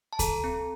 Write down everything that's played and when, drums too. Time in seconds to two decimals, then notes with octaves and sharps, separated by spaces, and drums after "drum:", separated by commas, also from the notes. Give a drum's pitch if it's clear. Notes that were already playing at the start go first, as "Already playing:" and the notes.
0.13 A5
0.19 A4 A#5, drum: kick D2, hi-hat
0.44 C4